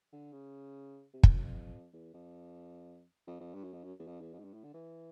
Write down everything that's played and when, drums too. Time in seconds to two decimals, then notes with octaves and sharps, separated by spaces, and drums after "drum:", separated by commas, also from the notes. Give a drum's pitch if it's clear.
0.13 D3
0.32 C#3
1.13 C3
1.23 G2, drum: kick
1.33 F#2
1.43 F2
1.93 E2
2.14 F2
3.27 F2
3.40 F2
3.54 G2
3.64 F#2
3.73 F2
3.84 F#2
3.99 E2
4.07 F2
4.20 E2
4.34 F2
4.39 G#2
4.44 G2
4.54 A2
4.64 D3
4.74 E3